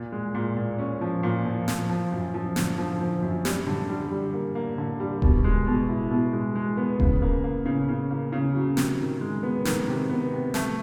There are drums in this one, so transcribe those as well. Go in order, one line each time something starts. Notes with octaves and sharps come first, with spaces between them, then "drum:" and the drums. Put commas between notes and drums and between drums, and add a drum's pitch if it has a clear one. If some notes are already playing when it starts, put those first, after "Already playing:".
Already playing: A#2
G#3
A#2
A#2
C#4
F3
A#2
F3
F3, drum: snare
F3
F#2
F3
D3, drum: snare
F3
F3
F#2
G3, drum: snare
D3
G3
G3
A#3
A#3
D3
G3
B2, drum: kick D#1
G#3
B2
E4
B2
G#3
G#3
B3
C#3, drum: kick D#1
A#3
A#3
C#3
C#3
A#3
C#3
F#3
C3, drum: snare
D#3
G#3
B3
D#3, drum: snare
C3
B3
C3
A3, drum: snare